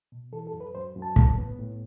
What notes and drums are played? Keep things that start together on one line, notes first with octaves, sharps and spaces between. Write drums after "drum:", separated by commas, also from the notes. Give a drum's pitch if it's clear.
B2
E3 A4
A4
F#2
B4
F#2 C5
F#2
A5
A2, drum: kick
B3
A2